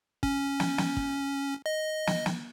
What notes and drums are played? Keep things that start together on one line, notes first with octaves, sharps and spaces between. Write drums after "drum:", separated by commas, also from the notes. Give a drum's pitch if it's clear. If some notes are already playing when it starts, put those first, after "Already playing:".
C#4, drum: kick
drum: snare
drum: snare
drum: kick
D#5
drum: snare
drum: snare